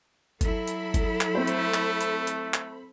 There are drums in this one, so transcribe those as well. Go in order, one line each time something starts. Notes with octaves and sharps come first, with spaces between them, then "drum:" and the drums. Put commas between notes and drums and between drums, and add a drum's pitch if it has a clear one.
F#3 E4 A4 B5, drum: kick G1, hi-hat
drum: hi-hat
drum: kick G1, hi-hat
drum: clap
A3 C4 C5
drum: hi-hat
drum: clap
drum: hi-hat
drum: hi-hat
drum: clap